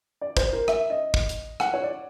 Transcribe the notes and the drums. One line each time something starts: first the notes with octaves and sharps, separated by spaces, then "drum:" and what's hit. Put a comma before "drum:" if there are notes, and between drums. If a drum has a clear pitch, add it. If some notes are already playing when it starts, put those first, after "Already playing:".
D5
C5, drum: kick, hi-hat
A#4
E5, drum: rim click
D#5
drum: kick
drum: hi-hat
F#5, drum: rim click
C#5
D5